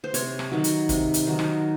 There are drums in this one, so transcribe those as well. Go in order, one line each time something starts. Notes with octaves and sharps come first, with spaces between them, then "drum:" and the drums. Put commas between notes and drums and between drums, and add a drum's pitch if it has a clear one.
C5
C3 C#5, drum: hi-hat
drum: rim click
D#3 F#3
drum: hi-hat
C3, drum: kick, hi-hat
drum: hi-hat
D#3 F#3
drum: rim click